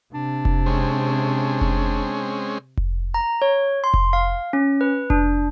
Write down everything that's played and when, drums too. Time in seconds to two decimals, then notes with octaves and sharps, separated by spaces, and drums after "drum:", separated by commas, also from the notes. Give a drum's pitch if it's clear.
0.14 C3 D4
0.45 drum: kick F1
0.66 G#3 C4 C#4
1.61 drum: kick F1
2.77 drum: kick F1
3.14 A#5
3.42 C#5
3.84 C6
3.94 drum: kick F1
4.13 F5
4.53 C#4
4.81 B4
5.10 D4, drum: kick F1